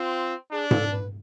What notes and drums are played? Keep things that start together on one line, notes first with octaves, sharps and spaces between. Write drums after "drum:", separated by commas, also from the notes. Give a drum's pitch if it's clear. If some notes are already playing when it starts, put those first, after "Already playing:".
Already playing: C4 F4
D4 G#4
A4, drum: tom G#2
B4